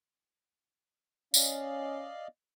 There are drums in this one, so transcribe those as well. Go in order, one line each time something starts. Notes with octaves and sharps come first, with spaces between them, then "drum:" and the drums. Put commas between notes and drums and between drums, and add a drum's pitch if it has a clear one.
C#4 D5 D#5 F5, drum: tambourine